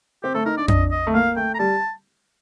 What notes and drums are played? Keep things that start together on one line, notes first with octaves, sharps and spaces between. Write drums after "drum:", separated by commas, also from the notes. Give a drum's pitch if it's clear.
C4 G4
A3 A4
D#4 A#4
D4 D5
D4 D#5, drum: tom F2
D#5
A3
A#3 F5
A3 G5
A#5
G3 A5